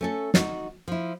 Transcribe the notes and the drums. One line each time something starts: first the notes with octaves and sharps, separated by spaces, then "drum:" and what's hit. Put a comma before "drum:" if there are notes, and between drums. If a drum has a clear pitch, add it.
A3 C#4 A4
D#4 F#4, drum: snare
F3 E4